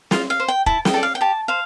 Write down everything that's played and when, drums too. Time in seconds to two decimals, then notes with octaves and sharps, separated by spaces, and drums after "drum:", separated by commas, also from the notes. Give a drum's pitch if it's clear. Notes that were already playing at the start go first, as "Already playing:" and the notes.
0.11 F4 C6, drum: snare
0.30 F5
0.40 C5
0.48 G5
0.66 E4 A5, drum: kick E1
0.85 G5, drum: snare
0.94 A4 D5
1.03 F5
1.15 G5
1.21 G4 A5
1.48 C5 F5